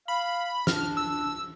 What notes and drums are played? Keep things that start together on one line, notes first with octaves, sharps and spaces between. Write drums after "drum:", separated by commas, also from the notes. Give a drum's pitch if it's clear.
F5 B5
D4 F6, drum: snare
E6